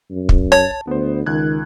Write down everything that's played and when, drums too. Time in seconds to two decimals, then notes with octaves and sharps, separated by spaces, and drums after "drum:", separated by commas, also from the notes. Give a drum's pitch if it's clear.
0.10 F#2
0.29 drum: kick
0.52 C#5 A5, drum: rim click
0.87 D2 B3 C5
1.26 C#2 D#3 F#6 G#6